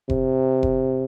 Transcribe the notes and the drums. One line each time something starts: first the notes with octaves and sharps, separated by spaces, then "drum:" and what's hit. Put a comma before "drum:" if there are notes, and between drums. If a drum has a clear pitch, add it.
C3, drum: kick F1
drum: kick F1